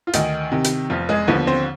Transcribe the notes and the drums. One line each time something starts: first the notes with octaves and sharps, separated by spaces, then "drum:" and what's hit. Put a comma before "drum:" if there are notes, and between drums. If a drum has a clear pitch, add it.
F4
D2 D#3 D#4, drum: hi-hat
C3 D#3
drum: hi-hat
F1 F3 F4
G#3 G#4
D#2 D3 F3 B3 B4
C4 C5